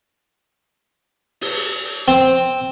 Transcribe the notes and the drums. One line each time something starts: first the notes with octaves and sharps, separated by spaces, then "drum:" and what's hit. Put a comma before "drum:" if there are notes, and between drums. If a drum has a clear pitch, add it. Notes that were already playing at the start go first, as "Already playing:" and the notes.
drum: open hi-hat
C4